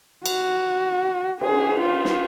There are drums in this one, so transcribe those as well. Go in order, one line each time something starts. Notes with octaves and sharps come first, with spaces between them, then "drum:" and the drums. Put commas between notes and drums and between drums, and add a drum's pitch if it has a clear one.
F#4, drum: cymbal
G#4, drum: cymbal
F4
drum: snare